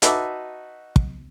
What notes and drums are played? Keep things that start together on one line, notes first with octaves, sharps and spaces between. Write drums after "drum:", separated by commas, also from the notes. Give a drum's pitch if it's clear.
D#4 F#4 B4 E5 A5 D6, drum: hi-hat
drum: kick